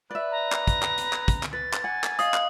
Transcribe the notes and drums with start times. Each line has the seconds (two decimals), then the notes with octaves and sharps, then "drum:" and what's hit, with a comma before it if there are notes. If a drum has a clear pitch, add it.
0.11 B4 D5 E5
0.31 A#5
0.52 drum: clap
0.67 drum: kick, hi-hat
0.83 drum: clap
0.98 drum: hi-hat
1.13 drum: clap
1.28 drum: kick, hi-hat
1.43 drum: clap
1.53 B4 A6
1.73 drum: clap
1.84 F#5 G#5
2.04 drum: clap
2.19 D#5 F5 D#6, drum: hi-hat
2.34 drum: clap